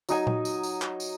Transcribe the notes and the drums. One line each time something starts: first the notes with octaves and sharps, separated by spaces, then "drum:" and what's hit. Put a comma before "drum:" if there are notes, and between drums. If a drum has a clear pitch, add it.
F#3 D#4 G#5, drum: tambourine
drum: tom A#2
drum: tambourine
drum: tambourine
drum: clap
drum: tambourine